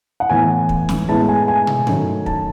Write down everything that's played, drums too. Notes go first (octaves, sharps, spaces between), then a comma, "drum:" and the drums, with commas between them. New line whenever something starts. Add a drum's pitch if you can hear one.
F#5
A2 E3 B3 G#5
drum: kick
drum: snare
A2 G#3 B3 E4 A5
G#5
G#5
drum: tom
D#3 F#3 A3 C#4, drum: tom G2
A5, drum: kick